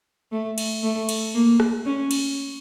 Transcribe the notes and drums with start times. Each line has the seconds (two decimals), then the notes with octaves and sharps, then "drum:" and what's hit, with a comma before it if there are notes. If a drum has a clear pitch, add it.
0.32 A3
0.58 drum: cymbal
0.83 A3
1.09 drum: cymbal
1.35 A#3
1.60 drum: rim click
1.86 C#4
2.11 drum: cymbal